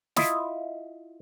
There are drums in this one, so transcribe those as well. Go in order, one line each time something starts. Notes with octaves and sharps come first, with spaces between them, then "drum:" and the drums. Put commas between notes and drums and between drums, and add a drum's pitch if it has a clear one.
E4 F4 D#5, drum: snare